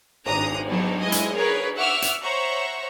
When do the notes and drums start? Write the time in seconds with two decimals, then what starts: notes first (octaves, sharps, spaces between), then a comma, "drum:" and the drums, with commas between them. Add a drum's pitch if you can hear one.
0.26 G#1 D4 A#5 D#6, drum: cymbal
0.68 F#3 G3 B3 D4 D#4
1.02 G#3 E4 D#5 G#5
1.12 drum: hi-hat
1.35 G#4 A#4 B4 C#5
1.76 E5 F#5 C#6 D6 E6 F6
2.02 drum: hi-hat
2.23 C5 C#5 E5 F#5 A#5 C#6